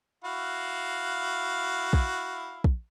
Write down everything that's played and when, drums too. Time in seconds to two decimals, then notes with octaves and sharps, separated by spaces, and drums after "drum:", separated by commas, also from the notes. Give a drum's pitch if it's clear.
0.24 E4 F#4 F5
1.93 drum: kick
2.64 drum: kick